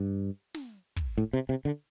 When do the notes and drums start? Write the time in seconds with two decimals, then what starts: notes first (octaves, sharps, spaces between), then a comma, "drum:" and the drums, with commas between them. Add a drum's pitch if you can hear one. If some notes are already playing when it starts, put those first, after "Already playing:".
Already playing: G2
0.54 drum: snare
0.96 drum: kick
1.18 A2
1.33 C3
1.49 C3
1.65 D3